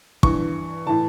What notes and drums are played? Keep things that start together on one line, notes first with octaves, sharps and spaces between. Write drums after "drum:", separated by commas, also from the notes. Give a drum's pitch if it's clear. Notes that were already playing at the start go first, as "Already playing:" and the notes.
G2 E3 C#6, drum: kick
A2 E3 A5